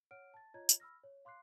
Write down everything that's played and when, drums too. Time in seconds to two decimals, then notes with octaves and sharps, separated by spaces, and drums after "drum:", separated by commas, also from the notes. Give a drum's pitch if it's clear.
0.11 C#5 F#5 F6 D7
0.34 A5 A6
0.54 F4 C#5 D#5 A#5 G#6
0.69 drum: tambourine
0.80 B5 E6 F6 A#6
1.03 C#5
1.25 F5 C6 D6 F#6 C7